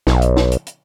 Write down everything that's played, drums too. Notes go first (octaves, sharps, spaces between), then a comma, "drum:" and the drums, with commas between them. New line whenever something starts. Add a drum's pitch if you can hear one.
B1, drum: snare
drum: hi-hat
drum: snare
drum: hi-hat
drum: hi-hat